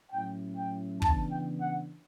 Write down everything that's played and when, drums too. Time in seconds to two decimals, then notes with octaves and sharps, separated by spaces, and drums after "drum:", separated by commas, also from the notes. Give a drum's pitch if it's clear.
0.12 A2 F#3 C#4 E4 G5
0.57 G5
1.02 C#3 E3 B3 D4 A5, drum: kick
1.32 G5
1.61 F#5